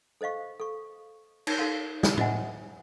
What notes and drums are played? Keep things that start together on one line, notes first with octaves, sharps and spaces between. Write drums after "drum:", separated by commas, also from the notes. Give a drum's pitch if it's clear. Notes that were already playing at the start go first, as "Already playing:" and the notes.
A4 C5 D#5 F5 C#6
A4 C#6
D#4 A#4, drum: cymbal
D#4 A4 F5 C6
drum: snare
F#4 C5 D#5 E5 F#5 G#5, drum: tom